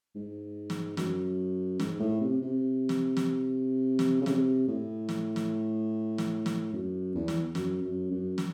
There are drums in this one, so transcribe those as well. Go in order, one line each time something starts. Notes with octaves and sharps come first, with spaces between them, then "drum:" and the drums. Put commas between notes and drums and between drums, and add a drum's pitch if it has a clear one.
G#2
drum: snare
F#2, drum: snare
G#2, drum: snare
A2
C3
C3
drum: snare
drum: snare
drum: snare
C#3
C3, drum: snare
A2
drum: snare
drum: snare
drum: snare
drum: snare
F#2
E2
drum: snare
F#2, drum: snare
F#2
F#2
drum: snare